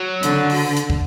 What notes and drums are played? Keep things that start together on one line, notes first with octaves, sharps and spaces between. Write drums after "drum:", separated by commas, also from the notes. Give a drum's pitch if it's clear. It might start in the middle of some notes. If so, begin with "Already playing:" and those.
Already playing: F#3
D3, drum: hi-hat
drum: open hi-hat
drum: hi-hat
drum: kick